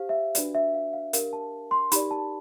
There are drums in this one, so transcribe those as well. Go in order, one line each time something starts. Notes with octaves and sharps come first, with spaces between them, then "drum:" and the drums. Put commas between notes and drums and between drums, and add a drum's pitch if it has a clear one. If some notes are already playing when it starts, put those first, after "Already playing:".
Already playing: G4 C5 F5
E5
D4 F#4 B4 D5, drum: hi-hat
E5
F5
F5
D4 G4 A#4 F5, drum: hi-hat
A5
C6
D#4 G4 A#4 D5 B5, drum: hi-hat
A5